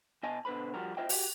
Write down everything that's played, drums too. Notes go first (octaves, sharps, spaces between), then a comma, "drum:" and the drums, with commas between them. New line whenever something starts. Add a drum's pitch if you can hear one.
B2 D#5 G#5 A5
B2 D3 B4 C5 B5
F3 G3 F#4 A#4
F4 C5 D#5 E5 G5
F#4 G4, drum: open hi-hat